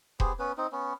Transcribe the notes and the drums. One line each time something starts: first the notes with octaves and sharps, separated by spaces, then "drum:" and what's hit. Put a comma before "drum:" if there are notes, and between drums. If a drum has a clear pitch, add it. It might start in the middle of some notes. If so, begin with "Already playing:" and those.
B3 G4 G#4 C5, drum: kick E1
B3 C#4 B4
C4 D#4
B3 C#4